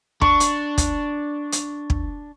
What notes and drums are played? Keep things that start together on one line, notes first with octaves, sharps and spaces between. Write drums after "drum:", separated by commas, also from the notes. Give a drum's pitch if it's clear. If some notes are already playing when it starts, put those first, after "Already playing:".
D4 C#6, drum: kick
drum: hi-hat
drum: kick, hi-hat
drum: hi-hat
drum: kick